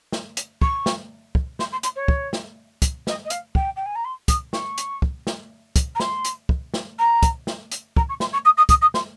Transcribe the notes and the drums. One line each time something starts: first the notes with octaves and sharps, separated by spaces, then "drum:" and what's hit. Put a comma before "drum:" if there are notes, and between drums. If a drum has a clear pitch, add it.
drum: snare
drum: hi-hat
C#6, drum: kick
drum: snare
drum: kick
C6, drum: snare
C6
C6, drum: hi-hat
C#5
drum: kick
drum: snare
drum: kick, hi-hat
D#5, drum: snare
D#5
F5, drum: hi-hat
G5, drum: kick
G5
G#5
A#5
C6
D#6, drum: kick, hi-hat
C#6, drum: snare
drum: hi-hat
drum: kick
drum: snare
drum: kick, hi-hat
A#5
C6, drum: snare
drum: hi-hat
drum: kick
drum: snare
A#5
drum: kick, hi-hat
drum: snare
drum: hi-hat
A#5, drum: kick
C#6
C6, drum: snare
C#6
D#6
D#6
D#6, drum: kick, hi-hat
D#6
C6, drum: snare